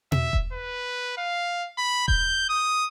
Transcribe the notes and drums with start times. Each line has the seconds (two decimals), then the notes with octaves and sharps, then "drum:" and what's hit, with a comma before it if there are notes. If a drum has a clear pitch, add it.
0.12 E5, drum: tom B2
0.33 drum: kick E1
0.53 B4
1.18 F5
1.78 B5
2.08 G6, drum: kick E1
2.49 D#6